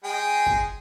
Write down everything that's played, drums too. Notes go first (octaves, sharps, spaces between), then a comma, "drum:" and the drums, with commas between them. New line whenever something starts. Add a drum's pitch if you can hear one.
G#3 G#4 G5
drum: kick